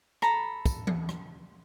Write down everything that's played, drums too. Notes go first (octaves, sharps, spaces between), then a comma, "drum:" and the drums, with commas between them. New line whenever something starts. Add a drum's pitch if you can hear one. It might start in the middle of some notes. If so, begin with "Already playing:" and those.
A4 A#5 B5, drum: rim click
drum: kick, tambourine
drum: tom E3
drum: rim click